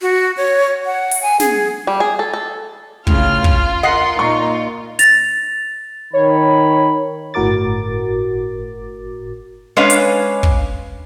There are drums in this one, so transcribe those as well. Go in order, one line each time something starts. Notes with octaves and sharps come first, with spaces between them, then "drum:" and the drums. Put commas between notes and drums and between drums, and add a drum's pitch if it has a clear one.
F#4
C#5
F#5
drum: open hi-hat
G#5
G#4, drum: snare
G3
G#4
A4
A4
A2 C#3 F4 F6, drum: kick
drum: kick
A#4 D#5 F#5 C6 C7 C#7
A#2 D#4 C#6
A6 A#6 F7, drum: hi-hat
D#3 C#5 B5
G1 A2 F#4 A#4 D6 A6
G#3 C#4 D4 B4 C#5 F5
drum: hi-hat
drum: kick